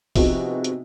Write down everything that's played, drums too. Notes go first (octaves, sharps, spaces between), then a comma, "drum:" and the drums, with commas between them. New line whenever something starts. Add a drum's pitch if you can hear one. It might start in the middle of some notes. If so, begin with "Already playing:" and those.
C3 F3 B3 D#4 F#4 G#4, drum: kick, open hi-hat
drum: hi-hat